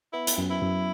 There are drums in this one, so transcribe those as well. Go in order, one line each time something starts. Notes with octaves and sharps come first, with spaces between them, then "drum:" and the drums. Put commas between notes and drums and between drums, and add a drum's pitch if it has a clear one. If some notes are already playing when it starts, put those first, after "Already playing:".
B3 E4
drum: hi-hat
F#2
E4
F#2